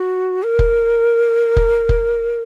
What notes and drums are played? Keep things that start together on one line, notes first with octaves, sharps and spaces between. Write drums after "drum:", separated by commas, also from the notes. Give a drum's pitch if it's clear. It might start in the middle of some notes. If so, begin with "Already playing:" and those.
Already playing: F#4
A#4
drum: kick F1
drum: kick F1
drum: kick F1